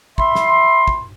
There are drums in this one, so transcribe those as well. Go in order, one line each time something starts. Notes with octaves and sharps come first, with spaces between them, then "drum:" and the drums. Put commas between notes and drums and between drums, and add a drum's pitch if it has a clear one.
E5 B5 C6, drum: kick
drum: snare
drum: kick